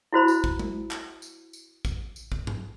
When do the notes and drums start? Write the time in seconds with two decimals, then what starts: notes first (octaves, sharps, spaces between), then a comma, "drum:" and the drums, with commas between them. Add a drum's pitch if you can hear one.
0.13 E4 F#4 C5 B5
0.28 drum: tambourine
0.44 drum: kick
0.59 drum: tom G#3
0.91 drum: clap
1.22 drum: tambourine
1.53 drum: tambourine
1.85 drum: kick, tambourine
2.16 drum: tambourine
2.32 drum: kick
2.47 drum: tom G#2